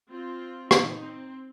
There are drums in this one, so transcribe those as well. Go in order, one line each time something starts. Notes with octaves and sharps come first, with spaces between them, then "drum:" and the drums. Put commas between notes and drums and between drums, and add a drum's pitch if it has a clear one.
C4 F4
D#4, drum: rim click
C4